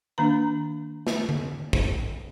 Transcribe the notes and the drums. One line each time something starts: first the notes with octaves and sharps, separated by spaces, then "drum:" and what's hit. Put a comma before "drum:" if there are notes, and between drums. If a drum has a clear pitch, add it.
D#3 A#3 D4 A#5
drum: snare
drum: tom D3
drum: kick